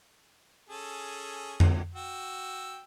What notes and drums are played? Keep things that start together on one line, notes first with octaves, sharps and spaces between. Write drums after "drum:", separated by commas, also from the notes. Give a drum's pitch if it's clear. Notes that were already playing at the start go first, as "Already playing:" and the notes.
C#4 G#4 A4
drum: tom F2
F#4 G5 E6